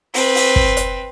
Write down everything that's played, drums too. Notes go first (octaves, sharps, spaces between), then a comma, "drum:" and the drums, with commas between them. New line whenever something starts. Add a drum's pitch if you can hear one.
C4 B4, drum: open hi-hat
drum: open hi-hat
drum: kick
drum: hi-hat